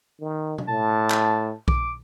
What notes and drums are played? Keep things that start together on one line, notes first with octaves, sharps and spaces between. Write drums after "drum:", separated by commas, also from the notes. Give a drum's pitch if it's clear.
D#3
drum: tom B2
A2 A5
drum: clap
D6, drum: kick B1